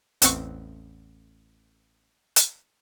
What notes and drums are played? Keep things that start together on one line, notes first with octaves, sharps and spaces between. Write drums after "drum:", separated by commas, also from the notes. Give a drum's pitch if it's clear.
A1 E2 C4 F#5 C#6, drum: hi-hat
drum: hi-hat